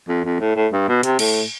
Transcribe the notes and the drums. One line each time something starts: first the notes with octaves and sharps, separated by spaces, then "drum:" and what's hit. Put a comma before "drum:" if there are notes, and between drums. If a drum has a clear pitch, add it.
F2
F2
A2
A2
G2
B2
C3, drum: hi-hat
A2, drum: cymbal